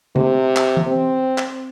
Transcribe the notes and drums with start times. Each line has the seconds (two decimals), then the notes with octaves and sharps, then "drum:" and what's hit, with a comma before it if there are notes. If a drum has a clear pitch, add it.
0.16 C3, drum: tom C3
0.56 drum: clap
0.77 drum: tom E3
0.88 C4
1.38 drum: clap